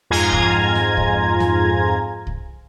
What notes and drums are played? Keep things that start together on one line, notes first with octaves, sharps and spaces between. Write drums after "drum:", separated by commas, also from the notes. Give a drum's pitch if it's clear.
F2 G#2 F4 G#5 A#5 G#6
drum: kick C2
drum: snare
drum: kick C2
drum: snare
drum: kick C2